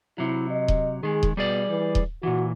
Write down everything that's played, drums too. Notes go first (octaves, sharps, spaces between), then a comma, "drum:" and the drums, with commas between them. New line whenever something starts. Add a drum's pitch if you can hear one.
C3 F#3 E4
D#5
drum: kick D#1
D#3 G#3 G#4
drum: kick D#1
B2 G3 G#4 D5
E3
drum: kick D#1
A#2 E3 F#4